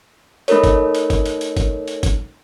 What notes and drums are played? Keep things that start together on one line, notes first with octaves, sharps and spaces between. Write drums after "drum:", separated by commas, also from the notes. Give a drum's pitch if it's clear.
A3 D#4 A4 A#4 C#5, drum: hi-hat
drum: kick G1, hi-hat
drum: hi-hat
drum: kick G1, hi-hat
drum: hi-hat
drum: hi-hat
drum: kick G1, hi-hat
drum: hi-hat
drum: kick G1, hi-hat